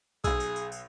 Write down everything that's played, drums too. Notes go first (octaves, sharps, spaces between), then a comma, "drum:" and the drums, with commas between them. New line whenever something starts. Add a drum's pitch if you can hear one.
B1 G#4 E6, drum: kick A#1, tambourine
drum: tambourine
drum: tambourine
drum: tambourine